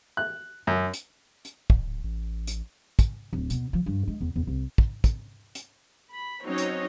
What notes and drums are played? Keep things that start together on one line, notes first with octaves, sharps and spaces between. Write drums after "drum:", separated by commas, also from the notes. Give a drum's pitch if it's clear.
F#6
F#2
drum: hi-hat
drum: hi-hat
D1, drum: kick
A1
drum: hi-hat
drum: kick, hi-hat
D1
B2, drum: hi-hat
F3
G2
G#3
E2
E2
C2
drum: kick
drum: kick, hi-hat
drum: hi-hat
B5
F#3 C4 C#4 D#4 C#5 D#5
drum: hi-hat